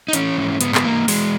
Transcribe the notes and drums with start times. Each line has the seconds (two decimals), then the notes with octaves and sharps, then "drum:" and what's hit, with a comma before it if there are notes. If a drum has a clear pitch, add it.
0.08 D#4
0.13 E3 C#4, drum: hi-hat
0.37 G#2
0.61 G#2 B3, drum: hi-hat
0.75 B3, drum: clap
0.84 E3 A#3
1.08 E3 G#3, drum: open hi-hat